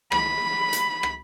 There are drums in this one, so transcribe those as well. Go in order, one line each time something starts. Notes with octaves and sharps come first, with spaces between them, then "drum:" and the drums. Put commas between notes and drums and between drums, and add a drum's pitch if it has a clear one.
B5, drum: rim click
drum: hi-hat
drum: rim click